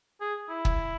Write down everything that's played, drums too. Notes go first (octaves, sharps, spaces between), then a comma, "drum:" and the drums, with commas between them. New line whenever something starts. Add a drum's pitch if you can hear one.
G#4
E4
drum: kick